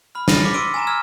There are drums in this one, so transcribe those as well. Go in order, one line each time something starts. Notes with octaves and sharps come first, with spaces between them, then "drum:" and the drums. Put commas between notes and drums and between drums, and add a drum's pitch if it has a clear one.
B5 F6
A6 A#6 D#7, drum: snare
D6 B6 C#7
C6 E6 D7 D#7 G7
G#5 A#5 E7
E6 F6 G#6